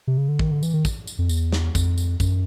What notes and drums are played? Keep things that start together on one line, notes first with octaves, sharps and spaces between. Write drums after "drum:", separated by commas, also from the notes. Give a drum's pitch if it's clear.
C3
C#3
D3
D#3, drum: kick
D3
E3, drum: tambourine
D#3
drum: kick, tambourine
drum: tambourine
F2
E2, drum: tambourine
drum: snare
F2, drum: kick, tambourine
drum: tambourine
F#2, drum: kick, tambourine